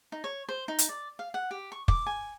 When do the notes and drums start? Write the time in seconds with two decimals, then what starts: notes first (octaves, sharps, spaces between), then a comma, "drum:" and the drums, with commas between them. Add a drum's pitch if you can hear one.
0.12 D#4
0.24 C#5
0.49 C5
0.68 D#4
0.79 drum: hi-hat
0.89 D5
1.19 F5
1.34 F#5
1.51 G4
1.72 C#6
1.88 D6, drum: kick
2.06 G#5